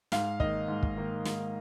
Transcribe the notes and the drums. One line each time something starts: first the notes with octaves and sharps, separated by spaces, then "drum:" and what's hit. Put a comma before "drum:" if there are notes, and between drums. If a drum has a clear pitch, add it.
G#2 F5, drum: snare
D#3 A#3 D#5, drum: kick
G#2
drum: kick
D#3 A#3
G#2, drum: snare